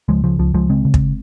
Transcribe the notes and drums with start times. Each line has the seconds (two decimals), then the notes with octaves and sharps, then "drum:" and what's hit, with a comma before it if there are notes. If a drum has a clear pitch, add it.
0.08 C#2 F3 G#3
0.24 C#3 F3
0.39 C#2 F3
0.54 C#2 F3 G#3
0.69 C#3 G#3 C4
0.85 C#3
0.94 drum: kick